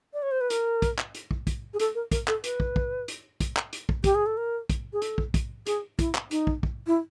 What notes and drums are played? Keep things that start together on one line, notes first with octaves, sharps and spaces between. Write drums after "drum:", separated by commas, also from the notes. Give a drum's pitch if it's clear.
D5
C#5
C5
B4
A#4, drum: hi-hat
drum: kick, hi-hat
drum: clap
drum: hi-hat
drum: kick
drum: kick, hi-hat
G#4
A4, drum: hi-hat
A#4
A#4, drum: kick, hi-hat
A4, drum: clap
B4, drum: hi-hat
drum: kick
drum: kick
drum: hi-hat
drum: kick, hi-hat
drum: clap
drum: hi-hat
drum: kick
G4, drum: kick, hi-hat
G#4
A4
A#4
drum: kick, hi-hat
G#4
A4, drum: hi-hat
drum: kick
drum: kick, hi-hat
G#4, drum: hi-hat
E4, drum: kick, hi-hat
drum: clap
D#4, drum: hi-hat
drum: kick
drum: kick
E4